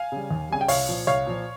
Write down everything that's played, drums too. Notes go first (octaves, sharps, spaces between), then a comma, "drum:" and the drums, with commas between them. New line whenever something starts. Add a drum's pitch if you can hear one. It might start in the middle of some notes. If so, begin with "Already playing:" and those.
Already playing: F5 G#5
C#3 G3
D#2
C#3 G3 G#5
G5
C2 C#5 F5, drum: open hi-hat
A#2 F3
C2 C#5 F5
A#2 F3